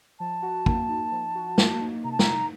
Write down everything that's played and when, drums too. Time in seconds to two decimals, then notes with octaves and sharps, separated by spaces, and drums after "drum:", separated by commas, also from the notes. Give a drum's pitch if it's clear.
0.20 F3 A5
0.43 F#4
0.66 A#3, drum: kick
0.89 D#4
1.12 F3
1.35 F#4
1.58 A#3, drum: snare
1.81 D#4
2.04 C3 A#5
2.12 A5
2.19 A#5, drum: snare
2.27 D#4